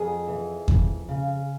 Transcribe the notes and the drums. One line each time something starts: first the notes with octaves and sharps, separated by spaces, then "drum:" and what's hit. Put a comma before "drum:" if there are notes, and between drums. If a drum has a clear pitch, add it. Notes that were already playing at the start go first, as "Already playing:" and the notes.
Already playing: F2 G#4
E3
F2, drum: kick E2
C#3